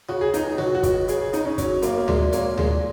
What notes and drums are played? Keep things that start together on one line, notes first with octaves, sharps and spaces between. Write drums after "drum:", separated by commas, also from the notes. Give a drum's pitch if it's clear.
C#3 F#4
G#4
C#2 D#4, drum: hi-hat
F#3 F#4, drum: tom B2
F#4
C#2, drum: kick, hi-hat
C#3 G#4, drum: hi-hat
G#4
C#3 D#4, drum: hi-hat
C#4
F#3 C#4, drum: kick, hi-hat
F#2 A#3, drum: hi-hat
A#3
A#2 G#3, drum: tom D2
A#3 C#4, drum: hi-hat
A#2 G#3, drum: tom D2